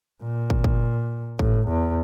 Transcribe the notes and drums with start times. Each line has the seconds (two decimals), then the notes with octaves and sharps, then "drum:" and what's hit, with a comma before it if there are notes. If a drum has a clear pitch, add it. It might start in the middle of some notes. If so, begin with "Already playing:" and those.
0.22 A#2
0.50 drum: kick
0.64 drum: kick
1.39 A2, drum: kick
1.67 E2